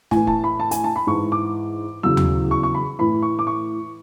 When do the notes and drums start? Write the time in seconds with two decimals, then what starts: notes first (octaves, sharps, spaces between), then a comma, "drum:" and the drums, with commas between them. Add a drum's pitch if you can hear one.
0.11 A2 E3 G#5, drum: snare
0.27 A5, drum: kick
0.44 B5
0.60 A5
0.71 G#5, drum: hi-hat
0.84 A5
0.96 B5
1.07 G#2 E3 C#6
1.32 D6
2.03 E2 C#3 F#3 E6
2.17 drum: tom
2.51 C#6
2.63 C#6
2.74 B5
2.99 A2 E3 B5
3.22 C#6
3.39 D6
3.47 C#6